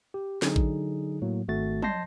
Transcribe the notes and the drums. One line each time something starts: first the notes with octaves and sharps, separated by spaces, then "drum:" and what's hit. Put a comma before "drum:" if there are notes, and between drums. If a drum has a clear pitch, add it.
G4
D3 F#3 D#4 G#4, drum: snare
drum: kick A1
A2 F#3 A#3
G#1 A3 F#4 A6
D#5 A5 C6 G6 A#6 C7, drum: tom